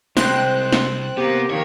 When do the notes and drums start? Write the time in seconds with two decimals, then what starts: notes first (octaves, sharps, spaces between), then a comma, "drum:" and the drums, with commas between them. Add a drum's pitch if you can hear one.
0.17 C2 G#3 C4 C5 G5 F#6, drum: snare
0.72 drum: snare
1.17 C3 A#3 B3 G4
1.50 D#3 F3 A#3 C#5